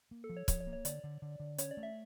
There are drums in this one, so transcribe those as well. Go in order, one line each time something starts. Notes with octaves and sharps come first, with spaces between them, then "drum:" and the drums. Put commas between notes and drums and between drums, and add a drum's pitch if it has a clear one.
A#3
A4
F3
C#5
F3 C#5, drum: kick, hi-hat
C#5
A#3
C#5
D3 D5, drum: hi-hat
D3
D3
D3
C#4 C#5, drum: hi-hat
D5
A3
E5